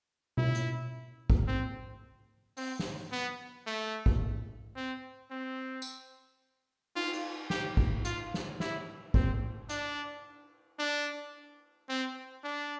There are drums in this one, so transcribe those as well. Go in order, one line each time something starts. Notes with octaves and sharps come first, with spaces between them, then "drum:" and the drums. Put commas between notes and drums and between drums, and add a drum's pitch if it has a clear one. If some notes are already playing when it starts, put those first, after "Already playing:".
E4, drum: tom B2
drum: hi-hat
drum: kick
C4
C4, drum: open hi-hat
drum: snare
B3
A3
drum: kick
C4
C4
drum: tambourine
F4, drum: cymbal
drum: hi-hat
G4, drum: snare
drum: kick
F4, drum: hi-hat
drum: snare
E4, drum: snare
C4, drum: kick
D4, drum: hi-hat
D4
C4
D4